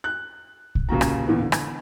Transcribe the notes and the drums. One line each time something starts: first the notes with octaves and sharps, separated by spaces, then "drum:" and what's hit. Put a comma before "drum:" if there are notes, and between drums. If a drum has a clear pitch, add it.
F#6
drum: kick B1
D#1 C#3 A#3 F#4 A#5
drum: rim click
E2 A#2 D3 E3 B3
D3
drum: rim click